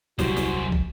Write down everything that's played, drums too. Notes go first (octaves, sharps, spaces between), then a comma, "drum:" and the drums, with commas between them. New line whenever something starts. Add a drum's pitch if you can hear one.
D#1 C2 F#2 G3 F#4 C5, drum: snare
drum: snare
drum: kick